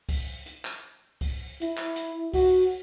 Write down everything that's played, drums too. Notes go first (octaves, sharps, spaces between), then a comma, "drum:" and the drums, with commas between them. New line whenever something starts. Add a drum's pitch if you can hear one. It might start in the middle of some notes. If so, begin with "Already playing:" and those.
drum: kick C2, open hi-hat
drum: hi-hat
drum: clap
drum: kick C2, open hi-hat
E4, drum: hi-hat
drum: clap
drum: hi-hat
F#4, drum: kick C2, open hi-hat